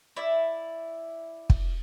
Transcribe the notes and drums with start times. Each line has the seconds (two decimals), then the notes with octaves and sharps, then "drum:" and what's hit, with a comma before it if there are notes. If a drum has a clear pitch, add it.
0.17 E4 D5
1.50 drum: kick